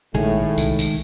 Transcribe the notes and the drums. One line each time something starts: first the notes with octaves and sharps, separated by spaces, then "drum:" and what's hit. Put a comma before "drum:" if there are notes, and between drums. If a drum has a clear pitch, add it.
A#1 A2 D#3 G#3 A3 G#4
C2, drum: tambourine
drum: tambourine